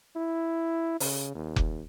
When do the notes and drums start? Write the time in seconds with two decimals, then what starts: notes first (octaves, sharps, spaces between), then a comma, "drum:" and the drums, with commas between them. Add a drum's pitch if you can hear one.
0.16 E4
1.00 C#3, drum: open hi-hat
1.35 D#2
1.56 drum: kick F1